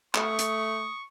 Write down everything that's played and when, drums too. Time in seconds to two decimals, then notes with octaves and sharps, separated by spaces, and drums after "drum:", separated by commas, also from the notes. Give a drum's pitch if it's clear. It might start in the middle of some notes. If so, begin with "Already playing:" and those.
0.15 A3 C#6 D#6, drum: clap
0.39 drum: hi-hat